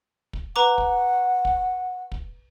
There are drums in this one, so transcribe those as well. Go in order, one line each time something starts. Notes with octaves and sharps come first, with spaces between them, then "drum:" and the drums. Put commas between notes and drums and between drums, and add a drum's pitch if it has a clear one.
drum: kick
B4 F#5 A#5 D6
drum: kick
drum: kick
drum: kick